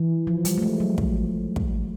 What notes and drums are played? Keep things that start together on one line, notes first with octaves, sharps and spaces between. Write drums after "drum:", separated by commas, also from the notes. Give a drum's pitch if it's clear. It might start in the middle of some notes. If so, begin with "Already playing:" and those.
Already playing: E3
F3
G3, drum: hi-hat
A3
G#3
F#3
F3, drum: kick
drum: kick